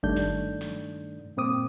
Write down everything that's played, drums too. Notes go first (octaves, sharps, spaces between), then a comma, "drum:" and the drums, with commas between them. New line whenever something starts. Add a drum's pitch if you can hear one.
G2 D#3 A3 D4 G6, drum: kick G1
drum: snare
drum: snare
G2 A#2 A#3 C4 D6 D#6